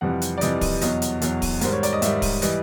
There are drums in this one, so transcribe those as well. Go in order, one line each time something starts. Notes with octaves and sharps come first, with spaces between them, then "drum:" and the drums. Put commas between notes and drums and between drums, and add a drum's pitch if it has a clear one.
F2 C3 E3 G3 F#5
drum: hi-hat
D5
F2 C3 E3 G3 D#5, drum: hi-hat
D#5, drum: kick, open hi-hat
E2 B2 F#3 D#5, drum: hi-hat
drum: hi-hat
E2 B2 F#3, drum: hi-hat
drum: kick, open hi-hat
G#2 D#3 G3 C5, drum: hi-hat
C#5
D5, drum: hi-hat
D#5
G#2 D#3 G3 E5, drum: hi-hat
drum: kick, open hi-hat
E3 G3 D#5, drum: hi-hat